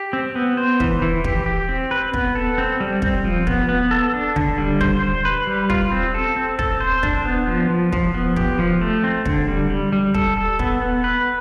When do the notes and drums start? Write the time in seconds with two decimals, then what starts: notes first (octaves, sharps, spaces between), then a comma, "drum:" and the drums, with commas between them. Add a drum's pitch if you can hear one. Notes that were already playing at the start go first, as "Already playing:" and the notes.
Already playing: G4
0.13 C4
0.35 B3
0.57 C5
0.80 E3, drum: kick
1.02 E3
1.24 G4, drum: kick
1.46 G4
1.69 C4
1.91 B4
2.14 B3, drum: kick
2.35 A4
2.58 C4
2.80 G3
3.02 C4, drum: kick
3.24 F3
3.47 B3, drum: kick
3.69 B3
3.91 A4
4.14 D4
4.36 D3, drum: kick
4.58 G3
4.81 C5, drum: kick
5.03 C5
5.25 B4
5.47 G3
5.70 F4, drum: kick
5.91 C4
6.14 A4
6.36 C4
6.59 A4, drum: kick
6.80 C5
7.03 D4, drum: kick
7.25 B3
7.48 F3
7.70 F3
7.93 F3, drum: kick
8.14 B3
8.36 G4, drum: kick
8.59 F3
8.81 A3
9.04 C4
9.26 D3, drum: kick
9.48 G3
9.70 G3
9.93 G3
10.15 A4, drum: kick
10.37 A4
10.59 B3, drum: kick
10.82 B3
11.04 B4